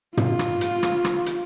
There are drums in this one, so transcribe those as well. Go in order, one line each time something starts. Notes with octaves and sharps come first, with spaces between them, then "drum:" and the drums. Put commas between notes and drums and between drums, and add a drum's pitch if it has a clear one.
F4, drum: tom
drum: rim click
drum: hi-hat
drum: rim click
drum: rim click
drum: hi-hat